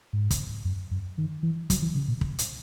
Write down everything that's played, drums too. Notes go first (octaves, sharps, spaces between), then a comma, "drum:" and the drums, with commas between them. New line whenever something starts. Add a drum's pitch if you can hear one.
G#2
drum: kick, hi-hat
F#2
F#2
D#3
E3
F#3, drum: kick, hi-hat
E3
C#3
A#2
drum: kick
drum: hi-hat